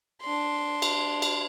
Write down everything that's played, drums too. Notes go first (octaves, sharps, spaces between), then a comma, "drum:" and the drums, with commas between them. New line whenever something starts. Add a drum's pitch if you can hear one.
D4 C6
drum: cymbal
drum: cymbal